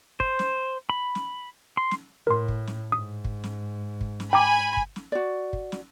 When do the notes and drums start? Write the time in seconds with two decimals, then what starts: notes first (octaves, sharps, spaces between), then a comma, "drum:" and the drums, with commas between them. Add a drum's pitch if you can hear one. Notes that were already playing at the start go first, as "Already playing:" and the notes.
0.20 C5, drum: kick
0.39 drum: snare
0.90 B5
1.15 drum: snare
1.77 C6
1.91 drum: snare
2.27 A2 A#4 C6
2.48 drum: kick
2.67 drum: snare
2.92 G#2 D#6
3.25 drum: kick
3.44 drum: snare
4.01 drum: kick
4.20 drum: snare
4.33 G5 G#5 A#5 B5 D6
4.77 drum: kick
4.96 drum: snare
5.12 F#4 D5
5.53 drum: kick
5.72 drum: snare